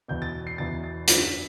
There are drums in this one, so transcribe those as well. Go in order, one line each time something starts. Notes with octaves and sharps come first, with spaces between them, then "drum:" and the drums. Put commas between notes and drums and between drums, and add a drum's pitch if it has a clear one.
E2 B2 G6
A6
C7
E2 B2 A6
A6
F#2 D3 B6, drum: hi-hat
B6